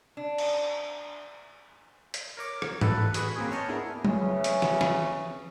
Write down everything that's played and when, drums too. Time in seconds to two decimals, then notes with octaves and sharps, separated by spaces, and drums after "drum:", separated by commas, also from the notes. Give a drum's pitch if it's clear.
0.17 D4
0.38 drum: cymbal
2.14 drum: hi-hat
2.37 A#4 C#5 D6
2.62 drum: rim click
2.81 A2 D4 A4 B4 F#5, drum: tom G#2
3.14 F#4 G#4 B4 B5 C#6, drum: hi-hat
3.36 A#3 C4 C#4 G#4
3.51 C#5 D#5 A5 F6 G6
3.68 B3 D4 E4 G#4 A#4
4.05 C#3 E3 C#4, drum: tom F#3
4.44 drum: hi-hat
4.62 drum: snare
4.81 drum: snare